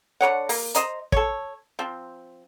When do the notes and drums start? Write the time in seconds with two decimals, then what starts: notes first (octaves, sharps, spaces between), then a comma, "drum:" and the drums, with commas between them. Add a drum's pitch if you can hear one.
0.21 D3 A#4 C#5 F#5
0.49 A#3, drum: open hi-hat
0.75 C5 D#5 A#5, drum: hi-hat
1.12 A4 C#5, drum: kick
1.79 F3 C4